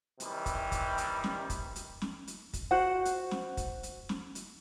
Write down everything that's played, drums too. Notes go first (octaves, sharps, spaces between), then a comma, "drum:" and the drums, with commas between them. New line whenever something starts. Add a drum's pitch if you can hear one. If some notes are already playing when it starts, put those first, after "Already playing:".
C3 D#3 E3 G3, drum: hi-hat
drum: kick, hi-hat
drum: kick, hi-hat
drum: hi-hat
drum: snare
drum: kick, hi-hat
drum: hi-hat
drum: snare
drum: hi-hat
drum: kick, hi-hat
F#4 C5 F#5
drum: hi-hat
drum: snare
drum: kick, hi-hat
drum: hi-hat
drum: snare
drum: hi-hat